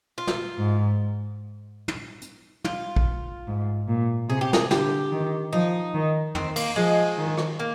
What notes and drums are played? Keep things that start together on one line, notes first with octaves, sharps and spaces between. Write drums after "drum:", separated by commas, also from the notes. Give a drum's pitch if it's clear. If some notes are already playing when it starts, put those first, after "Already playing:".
F4
drum: snare
G#2
drum: tom
drum: hi-hat
F4, drum: tom
drum: kick A#1
G#2
A#2
C3 G#4
G4
G#4, drum: snare
D3 G4, drum: snare
D#3
F3 D#4
D#3
D#3 C4, drum: tom
A#3, drum: cymbal
F3 G#3
D#3
drum: rim click
A#3